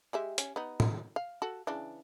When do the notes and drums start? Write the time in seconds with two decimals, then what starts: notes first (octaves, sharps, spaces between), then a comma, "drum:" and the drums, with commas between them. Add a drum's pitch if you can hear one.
0.13 G#3 G4 E5
0.38 C#4, drum: hi-hat
0.56 B3 D#4
0.80 drum: tom
1.16 F5
1.42 F#4 A4
1.67 C#3 E3 D4